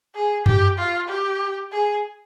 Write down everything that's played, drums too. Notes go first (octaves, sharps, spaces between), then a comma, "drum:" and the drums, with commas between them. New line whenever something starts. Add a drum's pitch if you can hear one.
G#4
G4, drum: tom F#2
F4
G4
G#4